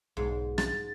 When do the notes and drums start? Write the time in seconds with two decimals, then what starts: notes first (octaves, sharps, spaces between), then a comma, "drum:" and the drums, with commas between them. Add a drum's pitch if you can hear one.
0.17 B1 G#2
0.58 A6, drum: rim click